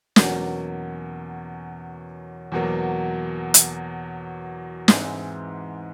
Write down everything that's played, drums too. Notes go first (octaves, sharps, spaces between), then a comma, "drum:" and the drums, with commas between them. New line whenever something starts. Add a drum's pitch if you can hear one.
E2 B2 F#3 A#3 C#4, drum: snare
E2 B2 F#3 A#3
drum: hi-hat
G#2 E3 G#3 C4, drum: snare